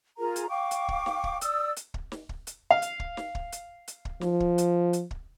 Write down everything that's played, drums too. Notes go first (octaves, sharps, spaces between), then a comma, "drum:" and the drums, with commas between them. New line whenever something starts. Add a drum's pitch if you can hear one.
F4 G#4 A#4 A#5
drum: hi-hat
F5 G5 C#6 D6
drum: hi-hat
drum: kick
drum: snare
drum: kick
D5 D#6 E6, drum: hi-hat
drum: hi-hat
drum: kick
drum: snare
drum: kick
drum: hi-hat
F5
drum: hi-hat
drum: kick
drum: snare
drum: kick
drum: hi-hat
drum: hi-hat
drum: kick
F3, drum: snare
drum: kick
drum: hi-hat
drum: hi-hat
drum: kick